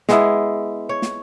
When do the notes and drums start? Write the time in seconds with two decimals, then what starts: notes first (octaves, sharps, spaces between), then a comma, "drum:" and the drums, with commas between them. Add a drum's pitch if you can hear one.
0.09 G#3 B3 E4, drum: snare
0.89 C#5
1.02 drum: snare